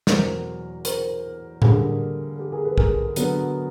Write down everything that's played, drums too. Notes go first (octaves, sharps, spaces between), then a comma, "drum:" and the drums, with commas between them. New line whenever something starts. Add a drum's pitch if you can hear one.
E2 B2 F#3 A#4 C5, drum: snare
A#4 C5, drum: hi-hat
D3 G3 A#3 G#4 A#4, drum: tom A2
G4 A4
G#4 A#4
A4 B4
G#4 A#4, drum: kick
D3 F#3 B3, drum: hi-hat